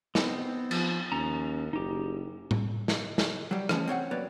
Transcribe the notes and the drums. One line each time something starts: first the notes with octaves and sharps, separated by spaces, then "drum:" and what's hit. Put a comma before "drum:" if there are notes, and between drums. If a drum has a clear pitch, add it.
B3 C4 D#4, drum: snare
F3, drum: cymbal
D#2 C#4 A#5
F#1 D#4 G4
drum: tom A2
drum: snare
drum: snare
F#3 G3
E3 F3 A3 A#3 C#4, drum: rim click
C4 C#5 E5 F#5
F#2 A#3 B4 C#5 D5